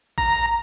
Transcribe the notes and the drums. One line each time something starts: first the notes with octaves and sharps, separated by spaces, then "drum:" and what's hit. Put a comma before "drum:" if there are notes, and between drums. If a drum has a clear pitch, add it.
A#5, drum: kick A1